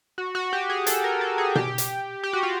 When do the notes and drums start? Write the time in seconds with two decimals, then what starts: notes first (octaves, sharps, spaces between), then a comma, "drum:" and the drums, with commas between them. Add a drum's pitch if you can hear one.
0.18 F#4
0.35 F#4
0.53 G4
0.69 G#4
0.87 A4, drum: hi-hat
1.04 A#4
1.21 A4
1.38 G#4
1.55 G4, drum: tom B2
1.78 drum: hi-hat
2.23 G4
2.33 F#4
2.43 F4